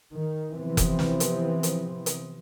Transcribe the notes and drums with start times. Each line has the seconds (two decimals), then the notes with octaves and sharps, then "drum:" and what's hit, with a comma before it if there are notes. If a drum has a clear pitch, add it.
0.13 D#3
0.54 C3 E3 F3 B3 C4
0.77 drum: kick F1, hi-hat
0.99 drum: snare
1.20 drum: hi-hat
1.63 drum: hi-hat
2.06 drum: hi-hat